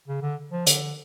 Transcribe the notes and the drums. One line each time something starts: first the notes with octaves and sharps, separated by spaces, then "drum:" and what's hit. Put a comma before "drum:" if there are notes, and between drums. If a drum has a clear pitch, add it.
C#3
D3
F3
D3, drum: hi-hat